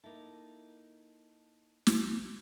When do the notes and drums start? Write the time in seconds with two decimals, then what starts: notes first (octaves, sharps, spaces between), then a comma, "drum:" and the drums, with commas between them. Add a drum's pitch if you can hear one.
0.04 A#3 D#4 E4 A4
1.87 drum: snare